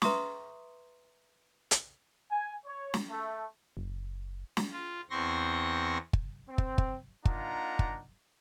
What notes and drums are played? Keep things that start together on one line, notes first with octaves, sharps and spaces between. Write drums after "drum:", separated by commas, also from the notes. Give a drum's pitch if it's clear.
B4 E5 A#5 C6 C#6 D#6, drum: snare
drum: hi-hat
G#5
C#5
drum: snare
A3
F#1
drum: snare
F4
E2 C4 C6 C#6 A#6
drum: kick
C4
drum: kick
drum: kick
A#3 D4 D#4 F4 F#5 A#5, drum: kick
drum: kick